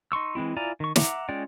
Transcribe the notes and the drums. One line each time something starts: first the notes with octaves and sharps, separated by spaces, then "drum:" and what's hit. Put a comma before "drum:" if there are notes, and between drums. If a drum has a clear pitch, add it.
D#4 C6 C#6 E6
E3 G#3 C4 E4
E4 F4 D5 G#5 A#5
D#3 C#6
E5 F#5 A#5 D6, drum: snare
G#3 C#4 F4 D5 G5